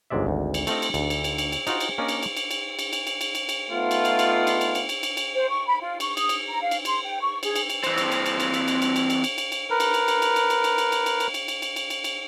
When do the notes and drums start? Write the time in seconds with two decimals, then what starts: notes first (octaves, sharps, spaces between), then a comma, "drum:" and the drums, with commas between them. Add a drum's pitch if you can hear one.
0.10 G1 C#2 G#2 G#3 D5 E5
0.27 G#1 D2
0.54 drum: cymbal
0.67 A3 C4 F4 D#5, drum: cymbal
0.82 drum: cymbal
0.94 D2, drum: cymbal
1.10 drum: cymbal
1.24 drum: cymbal
1.38 drum: cymbal
1.52 drum: cymbal
1.67 D#4 F4 F#4 C5, drum: cymbal
1.80 drum: cymbal
1.98 A#3 C#4 D4 D5 D#5
2.08 drum: cymbal
2.23 drum: cymbal
2.37 drum: cymbal
2.51 drum: cymbal
2.79 drum: cymbal
2.93 drum: cymbal
3.07 drum: cymbal
3.21 drum: cymbal
3.35 drum: cymbal
3.49 drum: cymbal
3.70 A3 B3 D#4 F4
3.91 drum: cymbal
4.05 drum: cymbal
4.19 drum: cymbal
4.47 drum: cymbal
4.61 drum: cymbal
4.75 drum: cymbal
4.89 drum: cymbal
5.03 drum: cymbal
5.17 drum: cymbal
5.34 C5
5.50 C#6
5.67 B5
5.81 F4
6.00 C#6, drum: cymbal
6.17 D#6, drum: cymbal
6.29 drum: cymbal
6.47 A#5
6.62 F5
6.71 drum: cymbal
6.85 C6, drum: cymbal
7.05 G5
7.21 C#6
7.43 G#4, drum: cymbal
7.56 drum: cymbal
7.70 drum: cymbal
7.84 E3 C4, drum: cymbal
7.98 drum: cymbal
8.12 drum: cymbal
8.26 drum: cymbal
8.40 drum: cymbal
8.54 drum: cymbal
8.68 drum: cymbal
8.82 drum: cymbal
8.96 drum: cymbal
9.10 drum: cymbal
9.24 drum: cymbal
9.38 drum: cymbal
9.52 drum: cymbal
9.70 A#4 B4
9.80 drum: cymbal
9.94 drum: cymbal
10.08 drum: cymbal
10.22 drum: cymbal
10.36 drum: cymbal
10.50 drum: cymbal
10.64 drum: cymbal
10.78 drum: cymbal
10.92 drum: cymbal
11.06 drum: cymbal
11.20 drum: cymbal
11.34 drum: cymbal
11.48 drum: cymbal
11.62 drum: cymbal
11.76 drum: cymbal
11.90 drum: cymbal
12.04 drum: cymbal